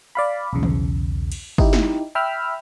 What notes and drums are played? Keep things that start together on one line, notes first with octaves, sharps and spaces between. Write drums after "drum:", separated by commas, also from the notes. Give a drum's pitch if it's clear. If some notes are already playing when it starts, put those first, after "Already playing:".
D5 F5 B5
B1 E2 C#3
drum: tom
drum: cymbal
D#4 E4 G4, drum: kick G1
drum: snare
E5 G5 B5 E6 F6